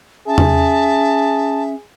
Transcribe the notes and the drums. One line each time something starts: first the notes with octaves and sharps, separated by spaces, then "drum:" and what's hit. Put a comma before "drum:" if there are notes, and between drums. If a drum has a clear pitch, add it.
C#4 G#4 E5 A5
drum: tom E2